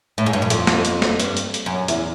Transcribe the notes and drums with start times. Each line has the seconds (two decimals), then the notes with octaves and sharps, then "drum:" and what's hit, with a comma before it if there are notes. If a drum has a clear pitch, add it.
0.18 A2
0.26 G#2
0.33 G2
0.42 F#2
0.50 F2, drum: hi-hat
0.67 drum: snare
0.85 drum: hi-hat
1.02 drum: snare
1.20 G2, drum: hi-hat
1.37 drum: hi-hat
1.54 drum: hi-hat
1.66 F#2
1.88 E2, drum: hi-hat